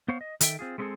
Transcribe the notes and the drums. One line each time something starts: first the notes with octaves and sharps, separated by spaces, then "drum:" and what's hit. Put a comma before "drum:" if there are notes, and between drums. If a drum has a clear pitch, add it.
B3 C5 C#5 F5
D#5
D#3 A4 E5 G5, drum: hi-hat
C4 F4 G#4
G#3 A3 C4 E4 G#4 A4